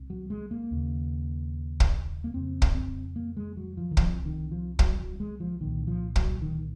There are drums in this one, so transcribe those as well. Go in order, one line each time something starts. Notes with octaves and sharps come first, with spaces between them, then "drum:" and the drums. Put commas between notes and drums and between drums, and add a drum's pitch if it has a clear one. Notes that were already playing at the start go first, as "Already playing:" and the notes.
Already playing: C2 C3
F#3
G#3
A#3
D#2 C#3
drum: kick
A#3
F2 C#3 C4
drum: kick
C4
A#3
G#3
F#3
F3
D#3
C2 C3 F3, drum: kick
D#3
F3
F#3, drum: kick
F#3
G#3
F3
C2 A#2 D#3
F3
F#3, drum: kick
D#3